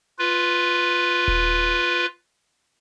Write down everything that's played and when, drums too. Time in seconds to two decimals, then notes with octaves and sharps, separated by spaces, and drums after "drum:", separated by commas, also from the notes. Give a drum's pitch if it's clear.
0.19 F4 B4
1.28 drum: kick D#1